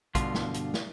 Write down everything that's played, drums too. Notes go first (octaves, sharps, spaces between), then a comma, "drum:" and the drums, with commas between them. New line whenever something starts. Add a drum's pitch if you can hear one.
G2 B2 D3 F4, drum: kick, hi-hat
drum: snare
drum: hi-hat
drum: snare